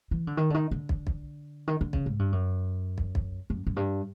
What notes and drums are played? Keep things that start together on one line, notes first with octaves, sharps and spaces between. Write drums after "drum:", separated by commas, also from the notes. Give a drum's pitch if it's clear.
E3
D3
D#3
D3
D#3
D3
drum: kick
drum: kick
D#3
D3
C#3, drum: kick
G#2
G2
F#2
drum: kick
drum: kick
F#2
F#2
G2